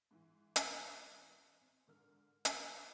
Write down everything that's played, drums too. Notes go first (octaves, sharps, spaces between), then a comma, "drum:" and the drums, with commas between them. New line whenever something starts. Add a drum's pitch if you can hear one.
G#2 E3
drum: hi-hat
C4
G#2 D3 A#4 F6
A#3 F#4 A#4 E5 F#5 G#5, drum: hi-hat